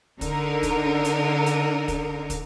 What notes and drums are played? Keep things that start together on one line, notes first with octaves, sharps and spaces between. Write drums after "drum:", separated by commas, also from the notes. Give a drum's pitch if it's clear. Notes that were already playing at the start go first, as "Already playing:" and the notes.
D3 D#4 A#4, drum: kick, hi-hat
drum: kick, hi-hat
drum: hi-hat
drum: hi-hat
drum: kick, hi-hat
drum: kick, hi-hat